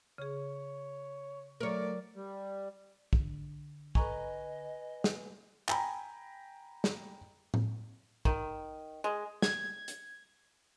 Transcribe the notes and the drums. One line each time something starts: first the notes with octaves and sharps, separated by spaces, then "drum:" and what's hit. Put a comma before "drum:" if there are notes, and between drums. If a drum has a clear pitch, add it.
C#3 G#4 C#5
F#3 A3 A#4 C#5 D5
G3
D3, drum: kick
A4 B4 D#5 G#5 A#5 C#6, drum: kick
drum: snare
G5 G#5 A#5 B5, drum: clap
drum: snare
drum: tom A2
D#3, drum: kick
G#3
G#6, drum: snare
drum: hi-hat